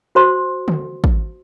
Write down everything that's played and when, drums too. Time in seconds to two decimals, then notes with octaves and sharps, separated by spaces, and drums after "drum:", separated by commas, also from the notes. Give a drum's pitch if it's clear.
0.15 F#4 C5 C6
0.68 drum: tom D3
1.04 drum: kick